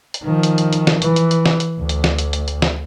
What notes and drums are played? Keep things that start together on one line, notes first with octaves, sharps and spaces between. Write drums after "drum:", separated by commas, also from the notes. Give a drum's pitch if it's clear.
drum: hi-hat
D#3 F3
drum: hi-hat
drum: hi-hat
drum: hi-hat
drum: snare
E3, drum: hi-hat
drum: hi-hat
drum: hi-hat
drum: snare
drum: hi-hat
D2
drum: hi-hat
drum: snare
drum: hi-hat
drum: hi-hat
drum: hi-hat
drum: snare